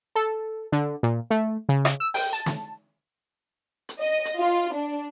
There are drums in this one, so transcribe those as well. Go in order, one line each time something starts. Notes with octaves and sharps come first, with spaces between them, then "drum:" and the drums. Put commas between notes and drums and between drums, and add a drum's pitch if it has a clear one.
A4
D3
A#2
A3
C#3
drum: rim click
E6
G5, drum: open hi-hat
A5
drum: snare
drum: hi-hat
D#5
drum: hi-hat
F4
D4